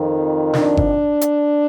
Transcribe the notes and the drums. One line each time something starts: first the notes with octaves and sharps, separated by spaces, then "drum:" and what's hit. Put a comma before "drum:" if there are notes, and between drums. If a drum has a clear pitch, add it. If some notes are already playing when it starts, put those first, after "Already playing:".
Already playing: F2 D#3
D4, drum: snare
drum: kick G1
drum: hi-hat